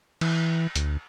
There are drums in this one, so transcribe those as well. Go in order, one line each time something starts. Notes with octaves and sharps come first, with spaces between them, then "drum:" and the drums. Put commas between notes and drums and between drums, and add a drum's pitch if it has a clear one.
E3, drum: cymbal
D2, drum: hi-hat